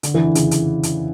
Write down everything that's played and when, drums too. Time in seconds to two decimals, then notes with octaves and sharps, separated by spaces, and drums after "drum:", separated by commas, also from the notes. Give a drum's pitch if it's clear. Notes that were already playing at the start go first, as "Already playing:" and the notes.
0.03 D3, drum: hi-hat
0.14 E3
0.25 D3
0.35 C#3, drum: hi-hat
0.51 drum: hi-hat
0.83 drum: hi-hat